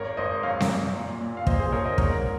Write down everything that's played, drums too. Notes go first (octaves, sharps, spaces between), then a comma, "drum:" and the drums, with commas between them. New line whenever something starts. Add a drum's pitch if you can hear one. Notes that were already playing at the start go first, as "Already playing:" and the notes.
Already playing: G#1 A#4 C#5
G#1 C5 D#5
F#2 C#5 F5
drum: snare C4
F#2
A#2
A#2
F5
A#2 C5 D#5, drum: kick
G#4 C5
A#1 A#4 C#5
C5 D#5
G#2 A#4 C#5, drum: kick